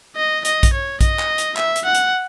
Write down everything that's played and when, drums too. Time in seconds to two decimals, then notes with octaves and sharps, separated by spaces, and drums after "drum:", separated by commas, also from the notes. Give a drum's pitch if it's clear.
0.16 D#5
0.45 D#5, drum: hi-hat
0.63 drum: kick A#1, hi-hat
0.73 C#5
1.01 D#5, drum: kick A#1, hi-hat
1.19 drum: clap
1.38 drum: hi-hat
1.57 E5, drum: clap
1.76 drum: hi-hat
1.85 F#5
1.95 drum: hi-hat